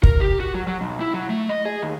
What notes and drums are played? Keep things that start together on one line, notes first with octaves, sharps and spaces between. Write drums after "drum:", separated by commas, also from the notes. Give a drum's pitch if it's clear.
A#4, drum: kick
G4
F#4
F#3
F#3
B1
E4
F#3
A3
D#5
G#4
D#2